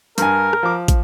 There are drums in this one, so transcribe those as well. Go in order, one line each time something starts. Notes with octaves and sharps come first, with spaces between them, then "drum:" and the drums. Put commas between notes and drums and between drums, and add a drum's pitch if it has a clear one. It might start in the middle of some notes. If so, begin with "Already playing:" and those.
G2 A#4 G#5, drum: hi-hat
drum: rim click
F3 D6
drum: kick, hi-hat